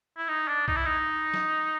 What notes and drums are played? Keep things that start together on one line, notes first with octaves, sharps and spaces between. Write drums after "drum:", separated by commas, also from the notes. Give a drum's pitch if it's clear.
E4
D#4
D4
D#4, drum: kick
E4
D#4
drum: snare